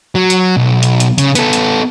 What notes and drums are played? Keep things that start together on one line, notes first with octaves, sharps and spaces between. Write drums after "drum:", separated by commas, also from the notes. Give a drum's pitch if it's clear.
F#3
drum: hi-hat
B1
drum: hi-hat
drum: hi-hat
C#3, drum: hi-hat
B3 A4, drum: hi-hat
drum: hi-hat